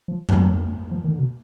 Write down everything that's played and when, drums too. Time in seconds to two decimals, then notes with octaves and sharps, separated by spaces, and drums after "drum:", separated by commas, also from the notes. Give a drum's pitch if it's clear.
0.08 F3
0.29 F#3, drum: tom F2
0.91 F3
1.04 D#3
1.11 D3
1.19 B2